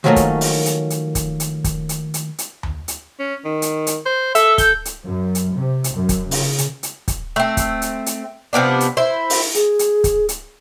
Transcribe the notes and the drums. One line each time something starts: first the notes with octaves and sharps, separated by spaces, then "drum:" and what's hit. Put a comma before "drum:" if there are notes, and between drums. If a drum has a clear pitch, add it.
D#3 F3 F#3 A3 A#3 C#4
drum: kick, hi-hat
drum: open hi-hat
drum: hi-hat
drum: hi-hat
drum: kick, hi-hat
drum: hi-hat
drum: kick, hi-hat
drum: hi-hat
drum: hi-hat
drum: hi-hat
drum: tom D#2
drum: hi-hat
C#4
D#3
drum: hi-hat
drum: hi-hat
C5
A4 E5, drum: hi-hat
G6, drum: kick, hi-hat
drum: hi-hat
F#2
drum: hi-hat
C3
drum: hi-hat
F#2
drum: kick, hi-hat
C#3, drum: open hi-hat
drum: hi-hat
drum: hi-hat
drum: kick, hi-hat
A3 C4
drum: kick, hi-hat
drum: hi-hat
drum: hi-hat
C3 F3 B3 D4
drum: hi-hat
E4 C5
drum: open hi-hat
G#4, drum: hi-hat
drum: hi-hat
drum: kick, hi-hat
drum: hi-hat